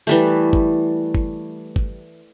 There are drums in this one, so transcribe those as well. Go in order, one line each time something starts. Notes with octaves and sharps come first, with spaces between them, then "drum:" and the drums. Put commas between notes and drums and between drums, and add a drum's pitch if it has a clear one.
E3 G3 A3
drum: kick G1
drum: kick G1
drum: kick G1